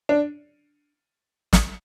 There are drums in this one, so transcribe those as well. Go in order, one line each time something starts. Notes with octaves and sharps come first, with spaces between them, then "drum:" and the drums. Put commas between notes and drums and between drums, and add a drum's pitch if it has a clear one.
D4
drum: snare